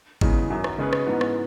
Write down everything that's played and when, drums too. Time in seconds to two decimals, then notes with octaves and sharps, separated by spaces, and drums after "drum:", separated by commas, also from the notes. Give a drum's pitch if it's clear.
0.21 E2 C#3 E3 G#3 D#4, drum: kick G#1
0.50 F#2 D#3 F#3
0.64 drum: rim click
0.78 C#3 G#3 C#4 G#4 B4
0.93 drum: rim click
1.07 G#2 E3 B3 D#4
1.21 drum: rim click